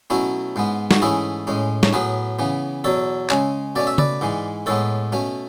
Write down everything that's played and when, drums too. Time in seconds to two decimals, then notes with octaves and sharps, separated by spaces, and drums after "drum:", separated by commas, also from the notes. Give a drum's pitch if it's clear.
0.10 B2 F#3 A3 C#4 E4
0.56 G#2 G#3 B3
0.91 F#4, drum: snare
1.02 G#2 E3 A3 C#4 E4 G#4
1.47 A2 G#3 C#4
1.83 C#5, drum: snare
1.93 A2 F#3 B3 G#4 B4
2.39 C#3 E3 B3
2.84 E2 B2 F#3 A4 C#5
3.30 C#3 G#3 C#4, drum: clap
3.76 B2 A3 C#4 D5
3.87 E5
3.98 B4 D5, drum: tom C#3
4.21 G#2 E3 G#3
4.66 A2 G#3 B3 A4 C#5
5.12 B2 A3 C#4